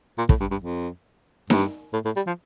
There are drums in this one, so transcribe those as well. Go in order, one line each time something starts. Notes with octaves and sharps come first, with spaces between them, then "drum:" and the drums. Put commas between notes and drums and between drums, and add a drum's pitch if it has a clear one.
A#2
A2, drum: kick
G2
G2
F2
G2, drum: snare D#4
A2
A2
G3
F3